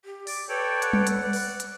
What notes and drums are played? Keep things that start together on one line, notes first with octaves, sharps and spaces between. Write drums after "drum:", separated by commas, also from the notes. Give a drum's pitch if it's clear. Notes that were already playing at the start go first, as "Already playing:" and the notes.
G4
D5, drum: open hi-hat
A4 B4 C#5 D5 G5
F#5, drum: hi-hat
drum: tom G3
drum: hi-hat
D5
drum: open hi-hat
drum: hi-hat